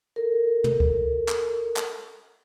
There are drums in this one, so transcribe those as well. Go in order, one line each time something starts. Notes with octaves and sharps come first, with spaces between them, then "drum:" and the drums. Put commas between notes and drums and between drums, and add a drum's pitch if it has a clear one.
A4 A#4
drum: tom
drum: kick C#2
drum: clap
drum: clap